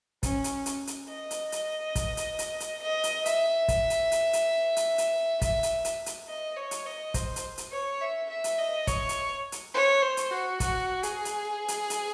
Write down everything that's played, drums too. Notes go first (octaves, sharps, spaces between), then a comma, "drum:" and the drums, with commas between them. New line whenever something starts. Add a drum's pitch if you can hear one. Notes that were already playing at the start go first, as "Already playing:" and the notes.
C#4, drum: kick, hi-hat
drum: hi-hat
drum: hi-hat
drum: hi-hat
D#5
drum: hi-hat
drum: hi-hat
drum: kick, hi-hat
drum: hi-hat
drum: hi-hat
drum: hi-hat
D#5
drum: hi-hat
E5, drum: hi-hat
drum: kick, hi-hat
drum: hi-hat
drum: hi-hat
drum: hi-hat
drum: hi-hat
drum: hi-hat
E5, drum: kick, hi-hat
drum: hi-hat
drum: hi-hat
drum: hi-hat
D#5
C#5
drum: hi-hat
D#5
C5, drum: kick, hi-hat
drum: hi-hat
drum: hi-hat
C#5
E5
E5
drum: hi-hat
D#5
C#5, drum: kick, hi-hat
drum: hi-hat
drum: hi-hat
C#5
C5
drum: hi-hat
F#4
F#4, drum: kick, hi-hat
G#4, drum: hi-hat
drum: hi-hat
drum: hi-hat
drum: hi-hat